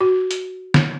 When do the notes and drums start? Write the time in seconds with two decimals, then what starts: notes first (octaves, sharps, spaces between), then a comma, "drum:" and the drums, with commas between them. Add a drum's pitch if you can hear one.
0.01 F#4
0.31 drum: hi-hat
0.74 drum: snare